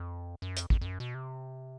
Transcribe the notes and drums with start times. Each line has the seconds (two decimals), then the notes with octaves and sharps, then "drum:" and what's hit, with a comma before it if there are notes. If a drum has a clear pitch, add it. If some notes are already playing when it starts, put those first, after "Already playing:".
Already playing: F2
0.42 F#2
0.57 F2, drum: hi-hat
0.70 F2, drum: kick
0.81 F2
0.86 F#2
1.00 B2
1.15 C3